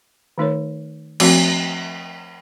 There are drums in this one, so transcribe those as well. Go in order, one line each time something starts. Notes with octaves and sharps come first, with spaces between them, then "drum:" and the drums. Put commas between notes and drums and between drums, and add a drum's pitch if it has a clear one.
D#3 A3 D#4 A#4 C#5
F3 A3 C4 F#4 A#4, drum: cymbal